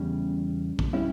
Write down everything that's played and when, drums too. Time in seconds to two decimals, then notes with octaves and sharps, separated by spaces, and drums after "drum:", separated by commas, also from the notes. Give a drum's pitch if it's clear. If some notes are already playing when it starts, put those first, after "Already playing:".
Already playing: E2 C#3 G3 C#4
0.79 drum: kick
0.93 G3 C#4 E4